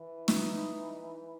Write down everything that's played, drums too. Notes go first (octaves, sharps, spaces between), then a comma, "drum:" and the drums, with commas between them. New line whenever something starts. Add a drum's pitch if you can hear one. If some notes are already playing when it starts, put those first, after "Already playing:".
Already playing: E3
D#4, drum: snare